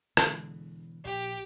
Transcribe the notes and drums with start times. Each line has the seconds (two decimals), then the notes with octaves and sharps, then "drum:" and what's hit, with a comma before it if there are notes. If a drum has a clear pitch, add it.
0.17 B2 D3 E3 G#3, drum: rim click
1.05 A#1 G4